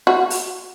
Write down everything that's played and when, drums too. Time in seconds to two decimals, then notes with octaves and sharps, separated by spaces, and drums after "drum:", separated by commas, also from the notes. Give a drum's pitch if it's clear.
0.07 F#4
0.30 drum: open hi-hat